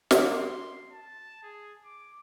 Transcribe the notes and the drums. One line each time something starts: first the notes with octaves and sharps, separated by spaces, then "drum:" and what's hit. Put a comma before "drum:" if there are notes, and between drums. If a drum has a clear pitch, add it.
drum: snare
C6
A5
G#4
D6